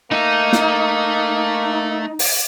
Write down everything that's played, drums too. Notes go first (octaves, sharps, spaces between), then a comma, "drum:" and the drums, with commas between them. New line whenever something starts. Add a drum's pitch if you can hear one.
A3 A#3 D#4 E5
drum: snare
drum: open hi-hat